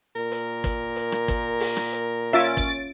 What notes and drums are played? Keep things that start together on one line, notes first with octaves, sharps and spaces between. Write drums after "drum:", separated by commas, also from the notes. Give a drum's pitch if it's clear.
A#2 A#4
drum: hi-hat
drum: kick, hi-hat
drum: hi-hat
drum: rim click
drum: kick, hi-hat
drum: open hi-hat
drum: rim click
drum: hi-hat
C#4 F4 E5 A6 D7
drum: kick, hi-hat